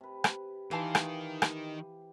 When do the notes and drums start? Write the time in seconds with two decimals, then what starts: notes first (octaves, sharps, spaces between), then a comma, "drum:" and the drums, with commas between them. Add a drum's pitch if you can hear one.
0.01 C3 B4
0.24 drum: rim click
0.71 D#3 E3 G4 F5 A5 C6
0.95 drum: rim click
1.42 drum: rim click